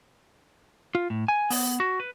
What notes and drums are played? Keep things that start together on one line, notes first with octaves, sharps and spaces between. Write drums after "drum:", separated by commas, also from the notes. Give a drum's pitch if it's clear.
F4
A2
G#5
B3, drum: open hi-hat
F#4
B4